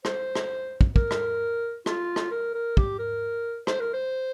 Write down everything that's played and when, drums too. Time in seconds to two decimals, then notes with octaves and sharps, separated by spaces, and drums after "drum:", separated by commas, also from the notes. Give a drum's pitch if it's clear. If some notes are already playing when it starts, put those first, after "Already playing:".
0.05 C5, drum: rim click
0.35 drum: rim click
0.81 drum: kick
0.96 A#4, drum: kick
1.11 drum: rim click
1.86 F4, drum: rim click
2.16 drum: rim click
2.31 A#4
2.54 A#4
2.77 G4, drum: kick
2.99 A#4
3.67 C5, drum: rim click
3.80 A#4
3.93 C5